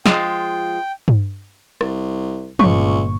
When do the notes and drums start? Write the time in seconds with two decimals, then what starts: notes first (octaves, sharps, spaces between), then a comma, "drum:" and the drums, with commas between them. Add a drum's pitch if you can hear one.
0.06 F3 G#3 F4 G5, drum: snare
1.08 drum: tom G2
1.81 C2, drum: rim click
2.59 G1 C#2 A#2 C#6, drum: tom